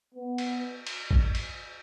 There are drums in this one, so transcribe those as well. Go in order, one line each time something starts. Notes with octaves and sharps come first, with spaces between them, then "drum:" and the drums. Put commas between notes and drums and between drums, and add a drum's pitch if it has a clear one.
B3
drum: cymbal
drum: cymbal
drum: kick
drum: cymbal